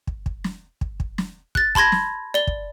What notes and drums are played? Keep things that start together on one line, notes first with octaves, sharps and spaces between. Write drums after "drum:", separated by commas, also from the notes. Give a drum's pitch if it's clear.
drum: kick
drum: kick
drum: snare
drum: kick
drum: kick
drum: snare
F#6 A6, drum: kick
A5 B5 C6 G#6 A#6, drum: kick
drum: snare
D5 G7
drum: kick